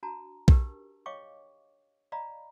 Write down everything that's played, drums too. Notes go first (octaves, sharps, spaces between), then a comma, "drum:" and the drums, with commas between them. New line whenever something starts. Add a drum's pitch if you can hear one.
D4 F#4 A5 A#5
D4 D#4 G4 A#4 B4, drum: kick B1
C#5 D#5 F5 G5 C#6 D6
D5 D#5 F5 A#5 B5